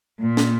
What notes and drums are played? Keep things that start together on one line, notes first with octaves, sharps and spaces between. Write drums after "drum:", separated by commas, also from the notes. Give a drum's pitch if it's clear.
A#2
drum: snare